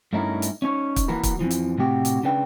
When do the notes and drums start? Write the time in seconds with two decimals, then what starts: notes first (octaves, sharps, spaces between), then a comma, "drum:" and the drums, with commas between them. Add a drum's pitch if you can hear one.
0.13 G2 A3 C#4 D#4 E4 A#4
0.42 drum: hi-hat
0.62 C#4 D#4 C#5
0.96 drum: kick, hi-hat
1.08 E3 A#3 F#4 A#4 B4
1.23 drum: kick, hi-hat
1.39 F2 A2 E3 F3
1.51 drum: hi-hat
1.78 A2 C3 F#4 G4
2.05 drum: hi-hat
2.23 C#3 C#4 D4 B4 G5